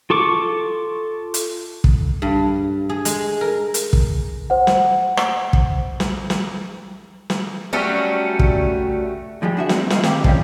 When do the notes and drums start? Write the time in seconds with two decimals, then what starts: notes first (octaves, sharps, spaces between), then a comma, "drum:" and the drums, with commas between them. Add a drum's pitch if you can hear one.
0.10 F4 A4 C#6 D6
1.34 drum: hi-hat
1.84 drum: kick
2.22 G2
2.89 G#4
3.05 G#3, drum: hi-hat
3.41 A#4
3.74 drum: hi-hat
3.93 drum: kick
4.50 C5 F#5
4.67 drum: snare
5.17 drum: rim click
5.53 drum: kick
6.00 drum: snare
6.30 drum: snare
7.30 drum: snare
7.73 F#3 G3 A3 C#4
8.39 drum: kick
9.42 G#2 F3 G3 G#3
9.57 D4 F#4 E5
9.69 E3 A#3 C4 D#4, drum: snare
9.90 G#3 A3 F4 D#5 F5, drum: snare
10.03 D#3 C4 G4 F5, drum: snare
10.24 D#3 F3 G3 G#3 C4 C#4, drum: kick